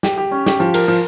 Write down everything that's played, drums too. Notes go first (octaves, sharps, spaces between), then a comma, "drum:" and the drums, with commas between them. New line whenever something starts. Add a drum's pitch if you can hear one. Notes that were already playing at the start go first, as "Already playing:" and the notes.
G4, drum: snare
G4
C#4
G4, drum: snare
F3
A#4, drum: cymbal
F3